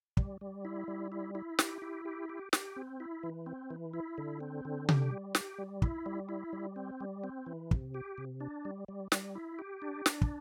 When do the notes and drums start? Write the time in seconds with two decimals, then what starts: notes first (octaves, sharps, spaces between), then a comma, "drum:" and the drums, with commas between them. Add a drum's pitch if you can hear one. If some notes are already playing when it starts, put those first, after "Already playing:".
0.17 G3, drum: kick
0.41 G3
0.65 E4
0.88 G3
1.12 E4
1.35 E4
1.59 G4, drum: snare
1.82 E4
2.05 G4
2.29 G4
2.53 G4, drum: snare
2.76 C4
3.00 E4
3.23 E3
3.46 C4
3.70 E3
3.93 E4
4.18 D3
4.40 C4
4.65 D3
4.89 G4, drum: tom C3
5.12 G3
5.35 G4, drum: snare
5.58 G3
5.82 E4, drum: kick
6.06 G3
6.29 E4
6.53 G3
6.76 C4
7.01 G3
7.24 C4
7.46 E3
7.71 C3, drum: kick
7.94 G4
8.18 C3
8.40 D4
8.65 G3
8.88 G3
9.12 G3, drum: snare
9.35 E4
9.59 G4
9.82 D4
10.06 D4, drum: snare
10.21 drum: kick